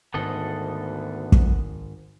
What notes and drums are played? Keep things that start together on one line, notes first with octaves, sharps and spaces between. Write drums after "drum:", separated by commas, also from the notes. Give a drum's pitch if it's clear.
D2 G#2 D#3 B3 A4 D#5
drum: kick